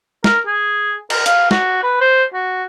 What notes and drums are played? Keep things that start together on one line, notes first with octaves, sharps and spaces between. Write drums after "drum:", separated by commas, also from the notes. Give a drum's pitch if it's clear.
A#4, drum: snare
G#4
A#4, drum: cymbal
F5, drum: hi-hat
F#4, drum: snare
B4
C5
F#4